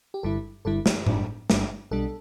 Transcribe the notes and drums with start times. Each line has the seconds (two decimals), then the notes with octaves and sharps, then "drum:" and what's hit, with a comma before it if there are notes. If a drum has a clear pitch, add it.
0.14 G4
0.23 G1 G2 D3 G3 E4 A4
0.65 G1 G2 D3 G3 E4 A4
0.86 G4, drum: snare
1.07 G1 G2 G3 D4, drum: tom A2
1.50 G1 G2 G3 D4, drum: snare
1.91 B1 B2 G3 D4 A4